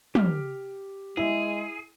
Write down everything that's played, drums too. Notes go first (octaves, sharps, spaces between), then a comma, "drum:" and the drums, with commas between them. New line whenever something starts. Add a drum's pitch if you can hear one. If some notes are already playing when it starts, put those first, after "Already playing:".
G4 F6, drum: tom
G#3 E4 G#4